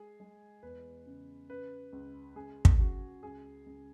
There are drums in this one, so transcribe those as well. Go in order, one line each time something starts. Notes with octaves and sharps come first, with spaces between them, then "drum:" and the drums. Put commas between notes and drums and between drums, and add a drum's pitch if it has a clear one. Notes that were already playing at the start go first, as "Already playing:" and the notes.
Already playing: G#3 G#4
G#3
E2 B4
C#3
C#3 B4
C#2
C#2 G#4
drum: kick
C#2 F#4
C#2 G#4
C#2